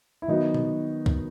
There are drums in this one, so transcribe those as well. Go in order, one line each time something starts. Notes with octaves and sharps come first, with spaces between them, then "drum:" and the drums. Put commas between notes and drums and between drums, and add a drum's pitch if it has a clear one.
E4
D#3 F#3 B3 D#4
drum: tom B2
drum: kick